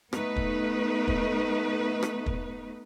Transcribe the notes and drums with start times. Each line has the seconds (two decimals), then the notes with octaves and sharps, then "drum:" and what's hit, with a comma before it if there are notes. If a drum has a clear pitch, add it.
0.13 A3 B3 D#4 B4, drum: rim click
0.36 drum: kick
1.08 drum: kick
2.03 drum: rim click
2.26 drum: kick